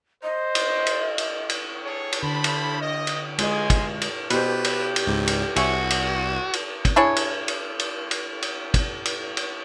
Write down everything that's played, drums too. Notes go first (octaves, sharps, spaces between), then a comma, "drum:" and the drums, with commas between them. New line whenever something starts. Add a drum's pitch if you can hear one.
C5 D#5
drum: cymbal
drum: cymbal
drum: cymbal
drum: cymbal
G#4 A4 C#5
drum: cymbal
D3 C5 A5 B5
drum: cymbal
D#5
drum: cymbal
G#3 F4 D#5 G#5 C6, drum: cymbal
drum: kick, cymbal
drum: cymbal
B2 G4 B4 C5, drum: cymbal
drum: cymbal
drum: cymbal
C#2 G#2
drum: cymbal
C2 F#4 C#5 E5 G#5, drum: cymbal
drum: cymbal
drum: cymbal
drum: kick, cymbal
D4 E4 G#4 C#5
drum: cymbal
drum: cymbal
drum: cymbal
drum: cymbal
drum: cymbal
drum: kick, cymbal
drum: cymbal
drum: cymbal